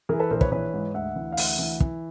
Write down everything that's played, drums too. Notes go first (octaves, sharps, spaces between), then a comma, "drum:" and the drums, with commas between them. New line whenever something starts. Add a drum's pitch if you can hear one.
E3 G#4 A#4
A4 B4
A#1 A#4 C5
B4 C#5, drum: kick
E3 B4 C#5
G#2
D2 E5 F#5
E3
F5
D2 E5 F#5, drum: open hi-hat
E3
E3, drum: kick